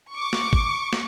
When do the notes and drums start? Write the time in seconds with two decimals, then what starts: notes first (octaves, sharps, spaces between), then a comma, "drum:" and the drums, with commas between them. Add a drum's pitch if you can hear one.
0.13 C#6 D6
0.33 drum: snare
0.53 drum: kick G#1
0.93 drum: snare